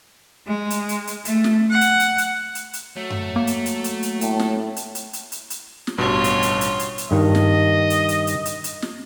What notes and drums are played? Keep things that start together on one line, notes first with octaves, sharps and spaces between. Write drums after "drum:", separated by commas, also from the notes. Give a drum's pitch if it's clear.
G#3
drum: hi-hat
drum: hi-hat
drum: hi-hat
A3, drum: hi-hat
drum: snare
F#5
drum: hi-hat
drum: hi-hat
drum: hi-hat
drum: hi-hat
drum: hi-hat
F#3 A3
drum: tom F#2
A#3
drum: hi-hat
drum: hi-hat
drum: hi-hat
drum: hi-hat
A2, drum: hi-hat
drum: snare
drum: hi-hat
drum: hi-hat
drum: hi-hat
drum: hi-hat
drum: hi-hat
drum: snare
A1 G2 B2 F4 C#5
drum: hi-hat
drum: hi-hat
drum: hi-hat
drum: hi-hat
drum: hi-hat
G2 D#3 D#5
drum: snare
drum: hi-hat
drum: hi-hat
drum: hi-hat
drum: hi-hat
drum: hi-hat
drum: snare